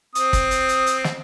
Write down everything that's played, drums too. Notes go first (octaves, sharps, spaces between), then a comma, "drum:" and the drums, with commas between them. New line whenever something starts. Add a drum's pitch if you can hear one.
C4 D#6, drum: hi-hat
drum: kick, hi-hat
drum: hi-hat
drum: hi-hat
drum: hi-hat
drum: snare